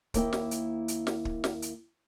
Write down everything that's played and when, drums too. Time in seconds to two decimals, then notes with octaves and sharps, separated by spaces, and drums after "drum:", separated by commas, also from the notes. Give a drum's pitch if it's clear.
0.14 D#2 A#3 E4 G5, drum: kick, hi-hat
0.33 drum: snare
0.51 drum: hi-hat
0.88 drum: hi-hat
1.07 drum: snare
1.25 drum: kick
1.44 drum: snare
1.62 drum: hi-hat